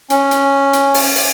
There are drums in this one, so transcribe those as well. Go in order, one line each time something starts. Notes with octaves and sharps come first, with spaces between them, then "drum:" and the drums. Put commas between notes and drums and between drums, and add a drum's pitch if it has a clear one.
C#4, drum: hi-hat
drum: hi-hat
drum: hi-hat
drum: open hi-hat
drum: open hi-hat